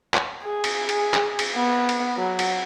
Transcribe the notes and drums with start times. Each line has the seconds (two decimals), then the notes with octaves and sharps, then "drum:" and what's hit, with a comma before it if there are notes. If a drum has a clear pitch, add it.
0.14 drum: clap
0.43 G#4
0.64 drum: cymbal
0.89 G#4, drum: cymbal
1.14 drum: clap
1.39 drum: cymbal
1.56 B3
1.89 drum: cymbal
2.17 F#3
2.39 drum: cymbal